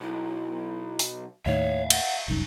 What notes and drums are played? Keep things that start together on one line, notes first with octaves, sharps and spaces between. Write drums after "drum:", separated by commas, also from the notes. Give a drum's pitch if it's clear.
B1 E4
drum: open hi-hat
D#2 A2 D#3 C#5 E5 F5
F#5, drum: cymbal
F1 C2 F#2 D#4